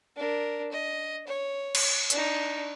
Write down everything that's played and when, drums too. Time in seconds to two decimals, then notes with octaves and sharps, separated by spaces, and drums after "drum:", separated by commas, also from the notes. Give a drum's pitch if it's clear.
0.16 D4 A#4
0.72 D#5
1.28 C#5
1.75 drum: cymbal
2.10 D4 D#4, drum: hi-hat